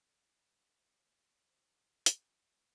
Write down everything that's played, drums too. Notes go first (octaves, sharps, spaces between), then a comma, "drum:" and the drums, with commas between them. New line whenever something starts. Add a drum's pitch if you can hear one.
A4
B4
C5
D5
C#5
D5
C#5
C5
drum: hi-hat